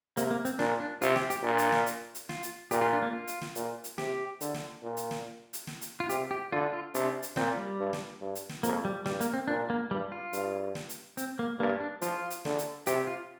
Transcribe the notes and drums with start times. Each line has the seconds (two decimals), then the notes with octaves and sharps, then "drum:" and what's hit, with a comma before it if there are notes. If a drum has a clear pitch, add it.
0.17 C3 A#3, drum: hi-hat
0.31 A#3
0.45 C4, drum: hi-hat
0.59 A#2 D4, drum: snare
0.80 D4
1.02 C3 F4, drum: hi-hat
1.16 G4, drum: snare
1.30 G4, drum: hi-hat
1.43 A#2 D4
1.58 drum: hi-hat
1.72 drum: snare
1.86 drum: hi-hat
2.15 drum: hi-hat
2.29 F4, drum: snare
2.43 drum: hi-hat
2.71 A#2 G4, drum: hi-hat
2.81 F4
2.93 D4
3.02 A#3
3.13 F4
3.27 drum: hi-hat
3.41 drum: snare
3.55 A#2, drum: hi-hat
3.84 drum: hi-hat
3.98 C3 G4, drum: snare
4.41 D3, drum: hi-hat
4.54 drum: snare
4.83 A#2
4.97 drum: hi-hat
5.11 drum: snare
5.53 drum: hi-hat
5.67 drum: snare
5.81 drum: hi-hat
6.00 F4
6.09 C3 G4, drum: hi-hat
6.31 G4
6.52 D3 F4
6.73 F4
6.94 C3 D4, drum: hi-hat
7.22 drum: hi-hat
7.36 A#2 C4, drum: snare
7.57 G3
7.79 G2
7.93 drum: snare
8.21 G2
8.35 drum: hi-hat
8.49 drum: snare
8.63 F2 A#3, drum: hi-hat
8.85 G3
9.06 G2 G3, drum: snare
9.21 A#3, drum: hi-hat
9.33 C4
9.48 A#2 D4
9.70 A#3
9.90 G2 G3
10.12 F4
10.33 G2, drum: hi-hat
10.75 drum: snare
10.89 drum: hi-hat
11.17 C4, drum: hi-hat
11.39 A#3
11.59 G2 A#3
11.80 D4
12.01 F3 F4, drum: hi-hat
12.30 drum: hi-hat
12.45 D3, drum: snare
12.59 drum: hi-hat
12.86 C3 G4, drum: hi-hat
13.07 F4